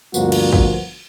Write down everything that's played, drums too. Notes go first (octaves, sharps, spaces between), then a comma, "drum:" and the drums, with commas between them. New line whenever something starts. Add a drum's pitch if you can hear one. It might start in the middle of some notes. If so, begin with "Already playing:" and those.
D2 G2 F3 A#3 B3 F#4, drum: tambourine
drum: cymbal
drum: kick